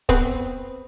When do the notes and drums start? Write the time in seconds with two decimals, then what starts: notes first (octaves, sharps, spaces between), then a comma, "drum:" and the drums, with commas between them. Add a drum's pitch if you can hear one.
0.09 B3 C4 B4, drum: kick